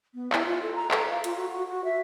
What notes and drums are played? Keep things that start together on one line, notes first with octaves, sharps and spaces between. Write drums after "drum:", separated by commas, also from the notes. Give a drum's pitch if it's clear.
B3
E4, drum: clap
F4
A4
A#5
A4, drum: clap
F5
F4, drum: hi-hat
F#4
F#4
F#4
E5